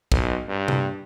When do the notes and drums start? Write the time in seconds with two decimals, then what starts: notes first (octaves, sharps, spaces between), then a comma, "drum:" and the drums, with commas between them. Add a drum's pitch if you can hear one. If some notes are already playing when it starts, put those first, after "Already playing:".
0.12 B1, drum: kick A#1
0.49 G2
0.68 drum: tom C3